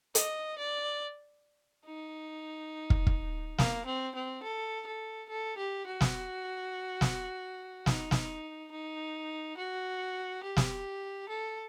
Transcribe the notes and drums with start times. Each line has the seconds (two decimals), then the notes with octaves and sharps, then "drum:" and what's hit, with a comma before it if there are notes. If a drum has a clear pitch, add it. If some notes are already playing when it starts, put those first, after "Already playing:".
0.15 D#5, drum: hi-hat
0.58 D5
1.86 D#4
2.90 drum: kick
3.07 drum: kick
3.58 A#3, drum: snare
3.86 C4
4.16 C4
4.43 A4
4.87 A4
5.30 A4
5.58 G4
5.87 F#4
6.01 drum: snare
7.01 drum: snare
7.86 D#4, drum: snare
8.11 drum: snare
8.72 D#4
9.57 F#4
10.43 G4
10.57 drum: snare
11.29 A4